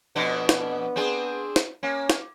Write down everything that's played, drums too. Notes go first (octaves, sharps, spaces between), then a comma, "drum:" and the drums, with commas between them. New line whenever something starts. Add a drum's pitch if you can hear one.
F2 B2 B3 D4
drum: snare
C4 D4 G#4
drum: snare
A#3 C#4
drum: snare